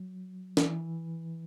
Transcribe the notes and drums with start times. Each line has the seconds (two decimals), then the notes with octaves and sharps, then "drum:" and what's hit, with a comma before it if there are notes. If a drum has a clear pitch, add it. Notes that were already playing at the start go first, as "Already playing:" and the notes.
Already playing: F#3
0.57 E3, drum: snare